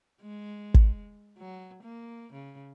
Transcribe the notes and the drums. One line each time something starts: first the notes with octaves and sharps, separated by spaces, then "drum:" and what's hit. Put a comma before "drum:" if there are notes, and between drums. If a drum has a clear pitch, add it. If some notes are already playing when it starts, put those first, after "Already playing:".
G#3
drum: kick
F#3
A#3
C#3